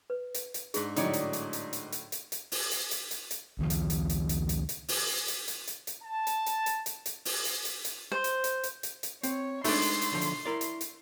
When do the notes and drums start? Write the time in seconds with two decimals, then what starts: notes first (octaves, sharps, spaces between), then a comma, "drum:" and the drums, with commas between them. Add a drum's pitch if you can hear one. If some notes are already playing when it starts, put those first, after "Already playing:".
0.10 B4
0.34 drum: hi-hat
0.54 drum: hi-hat
0.74 G#2 D4 G#4, drum: hi-hat
0.96 A2 D3 F#3 D#4 C#5 D5, drum: hi-hat
1.13 drum: hi-hat
1.33 drum: hi-hat
1.53 drum: hi-hat
1.73 drum: hi-hat
1.92 drum: hi-hat
2.12 drum: hi-hat
2.32 drum: hi-hat
2.52 drum: open hi-hat
2.71 drum: hi-hat
2.91 drum: hi-hat
3.11 drum: hi-hat
3.31 drum: hi-hat
3.59 C#2 D#3 F3
3.70 drum: hi-hat
3.90 drum: hi-hat
4.10 drum: hi-hat
4.29 drum: hi-hat
4.49 drum: hi-hat
4.69 drum: hi-hat
4.88 drum: open hi-hat
5.28 drum: hi-hat
5.48 drum: hi-hat
5.67 drum: hi-hat
5.87 drum: hi-hat
6.03 A5
6.27 drum: hi-hat
6.46 drum: hi-hat
6.66 drum: hi-hat
6.86 drum: hi-hat
7.06 drum: hi-hat
7.25 drum: open hi-hat
7.45 drum: hi-hat
7.65 drum: hi-hat
7.85 drum: hi-hat
8.12 C5
8.24 drum: hi-hat
8.44 drum: hi-hat
8.63 drum: hi-hat
8.83 drum: hi-hat
9.03 drum: hi-hat
9.23 C4 C#5, drum: hi-hat
9.64 G#3 A3 D4 D#4 B5 C6, drum: open hi-hat
9.82 drum: hi-hat
10.02 drum: hi-hat
10.12 B1 D3 F3
10.21 drum: hi-hat
10.45 E4 A#4 D5
10.61 drum: hi-hat
10.81 drum: hi-hat